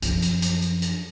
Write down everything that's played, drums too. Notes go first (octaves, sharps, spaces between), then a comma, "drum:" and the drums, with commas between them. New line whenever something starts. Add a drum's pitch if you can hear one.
F#2 F3, drum: hi-hat
drum: hi-hat
drum: hi-hat
drum: hi-hat
drum: hi-hat